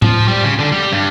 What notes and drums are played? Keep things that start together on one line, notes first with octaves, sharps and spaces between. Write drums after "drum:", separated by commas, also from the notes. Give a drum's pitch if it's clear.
F3, drum: tom A2
G3
C#3
D3
G3
G2